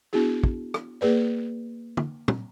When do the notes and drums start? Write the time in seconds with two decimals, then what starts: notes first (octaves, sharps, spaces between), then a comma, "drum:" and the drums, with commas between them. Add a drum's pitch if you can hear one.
0.13 B3 D4 E4 F#4 G#4
0.44 drum: kick
0.74 drum: rim click
1.01 A#3 G#4 B4 D5
1.97 drum: tom
2.28 drum: tom